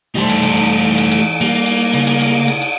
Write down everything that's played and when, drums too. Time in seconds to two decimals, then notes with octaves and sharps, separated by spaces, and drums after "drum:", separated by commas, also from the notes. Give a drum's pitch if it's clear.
0.15 E3 G3 A3 D#4 C5 D5 A5
0.30 drum: cymbal
0.43 drum: cymbal
0.57 drum: cymbal
0.98 drum: cymbal
1.12 drum: cymbal
1.41 G3 A#3, drum: cymbal
1.66 drum: cymbal
1.93 C#3, drum: cymbal
2.07 drum: cymbal
2.21 drum: cymbal
2.48 drum: cymbal
2.62 drum: cymbal